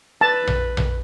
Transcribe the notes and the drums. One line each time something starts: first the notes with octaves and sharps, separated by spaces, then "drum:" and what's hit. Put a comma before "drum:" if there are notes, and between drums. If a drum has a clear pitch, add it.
B4 A5
drum: tom A#1
drum: tom A#1